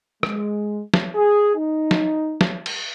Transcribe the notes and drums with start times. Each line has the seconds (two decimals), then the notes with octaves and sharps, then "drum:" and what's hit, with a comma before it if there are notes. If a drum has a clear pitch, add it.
0.23 G#3, drum: rim click
0.94 drum: snare
1.15 G#4
1.56 D#4
1.91 drum: snare
2.41 drum: snare
2.66 drum: cymbal